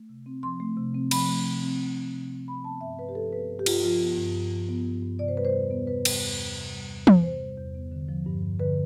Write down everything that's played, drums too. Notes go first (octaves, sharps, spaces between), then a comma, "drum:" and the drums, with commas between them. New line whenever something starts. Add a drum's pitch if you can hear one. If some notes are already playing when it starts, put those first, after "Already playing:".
Already playing: A3
C3
C4
F3 C6
A3
C3
C4
F3 B5, drum: cymbal
A3
C3
C4
F3
A3
C3
C4
F3 B5
B3 A5
G2 E5
G2 B4
G4
F3 A4
B3 B4
G2
G4
G2 F4, drum: cymbal
F3 F4
B3
G2
G2
F3
B3
G2
G2
C3 D5
C5
G3 B4
C5
E2
B3
C3 B4
G3, drum: cymbal
E2
B3
C3
G3
E2
B3, drum: tom
C3 C5
G3
E2
B3
D3
F3
G2
G2
D3 B4